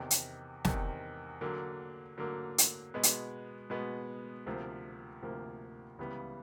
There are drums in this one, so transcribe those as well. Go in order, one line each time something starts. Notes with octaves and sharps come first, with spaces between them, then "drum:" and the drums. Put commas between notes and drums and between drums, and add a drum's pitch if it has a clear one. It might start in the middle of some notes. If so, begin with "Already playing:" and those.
Already playing: E2 C3 D#3
drum: hi-hat
E2 C3 D#3, drum: snare
D3 F#3 A#3
D3 F#3 A#3
drum: hi-hat
B2 G#3 B3
drum: hi-hat
B2 G#3 B3
D2 C3 F3 A#3
D2 C3 F3 A#3
C#2 C#3 E3 G3 B3